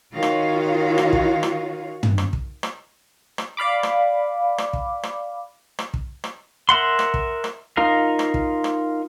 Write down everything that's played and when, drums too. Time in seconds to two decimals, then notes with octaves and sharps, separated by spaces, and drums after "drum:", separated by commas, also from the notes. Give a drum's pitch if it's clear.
0.13 D#3 F4 F#4 C#5 F5
0.23 drum: rim click
0.98 drum: rim click
1.13 drum: kick
1.43 drum: rim click
2.03 drum: tom
2.18 drum: rim click
2.33 drum: kick
2.63 drum: rim click
3.38 drum: rim click
3.57 D5 F5 B5 D6
3.83 drum: rim click
4.58 drum: rim click
4.73 drum: kick
5.03 drum: rim click
5.79 drum: rim click
5.94 drum: kick
6.24 drum: rim click
6.69 A#4 E5 F#5 C6
6.99 drum: rim click
7.14 drum: kick
7.44 drum: rim click
7.77 D#4 F4 A#4 F5
8.19 drum: rim click
8.34 drum: kick
8.64 drum: rim click